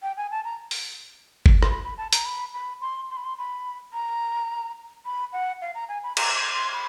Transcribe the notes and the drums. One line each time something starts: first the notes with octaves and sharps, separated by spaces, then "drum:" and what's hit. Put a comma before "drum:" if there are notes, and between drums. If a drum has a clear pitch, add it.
G5
G#5
A5
A#5
drum: open hi-hat
drum: kick G1
C6, drum: rim click
B5
B5
A5
A#5, drum: hi-hat
B5
B5
C6
C6
B5
C6
B5
A#5
B5
F#5
F5
A#5
G#5
B5
A#5, drum: cymbal
C6
B5